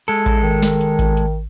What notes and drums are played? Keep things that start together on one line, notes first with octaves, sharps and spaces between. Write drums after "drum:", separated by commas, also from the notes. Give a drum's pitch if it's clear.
G#3 A4, drum: hi-hat
drum: kick A1, hi-hat
D#3
drum: snare
drum: hi-hat
drum: kick A1, hi-hat
drum: hi-hat